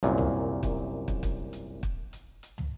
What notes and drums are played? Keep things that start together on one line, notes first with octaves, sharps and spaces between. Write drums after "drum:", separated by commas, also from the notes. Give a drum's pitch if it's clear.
C2 F#2 A#2, drum: hi-hat
drum: tom
drum: kick, hi-hat
drum: kick
drum: kick, hi-hat
drum: hi-hat
drum: kick
drum: hi-hat
drum: hi-hat
drum: tom